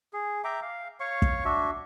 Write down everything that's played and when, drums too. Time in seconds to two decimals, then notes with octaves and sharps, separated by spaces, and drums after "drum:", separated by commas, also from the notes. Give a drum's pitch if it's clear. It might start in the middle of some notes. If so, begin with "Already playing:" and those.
0.13 G#4
0.44 E5 G5 A#5 D6
0.62 F5
1.00 C#5 F5 C#6
1.22 drum: kick
1.45 D4 F#4 E5